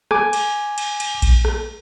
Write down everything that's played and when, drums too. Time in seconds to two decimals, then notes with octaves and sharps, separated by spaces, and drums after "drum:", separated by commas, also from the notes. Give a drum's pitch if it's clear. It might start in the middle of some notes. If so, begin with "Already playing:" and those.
0.11 G#5 D6, drum: rim click
0.33 drum: cymbal
0.78 drum: cymbal
1.00 drum: cymbal
1.22 drum: kick A#1, cymbal
1.45 drum: rim click